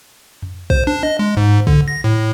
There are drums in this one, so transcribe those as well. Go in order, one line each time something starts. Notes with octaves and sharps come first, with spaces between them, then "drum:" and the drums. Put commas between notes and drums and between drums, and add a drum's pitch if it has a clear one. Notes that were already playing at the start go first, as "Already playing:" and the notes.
drum: tom F2
C5, drum: kick
D4
D#5
G#3
G#2
D3, drum: kick
A#6
A2